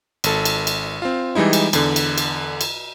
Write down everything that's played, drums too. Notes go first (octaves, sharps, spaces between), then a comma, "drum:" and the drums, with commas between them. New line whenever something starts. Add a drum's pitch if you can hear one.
G#1 A4, drum: cymbal
drum: cymbal
drum: cymbal
C4 F4
E3 G3 G#3 D#4 E4
drum: cymbal
E2 D3, drum: cymbal
drum: cymbal
drum: cymbal
drum: cymbal